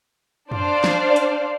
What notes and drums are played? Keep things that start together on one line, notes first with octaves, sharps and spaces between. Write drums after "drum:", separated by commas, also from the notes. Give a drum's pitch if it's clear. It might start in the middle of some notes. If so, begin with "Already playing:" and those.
D4 C5 D5 F5, drum: tom
drum: snare
drum: hi-hat